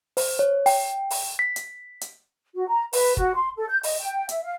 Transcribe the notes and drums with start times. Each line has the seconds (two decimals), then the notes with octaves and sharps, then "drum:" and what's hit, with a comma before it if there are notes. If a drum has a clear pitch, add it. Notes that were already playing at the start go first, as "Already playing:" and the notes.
0.17 C5, drum: open hi-hat
0.39 C#5
0.66 G5, drum: open hi-hat
1.11 drum: open hi-hat
1.39 B6
1.56 drum: hi-hat
2.01 drum: hi-hat
2.54 F#4
2.68 A#5
2.93 B4, drum: open hi-hat
3.17 F#4, drum: kick
3.34 C6
3.57 A4
3.69 G6
3.83 D#5, drum: open hi-hat
4.00 G5
4.29 E5, drum: hi-hat
4.43 F5